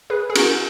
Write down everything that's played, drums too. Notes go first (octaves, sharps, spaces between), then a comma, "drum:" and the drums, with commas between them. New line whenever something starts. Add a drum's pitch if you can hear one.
G#4 B4
G#4
F#4 A#4, drum: cymbal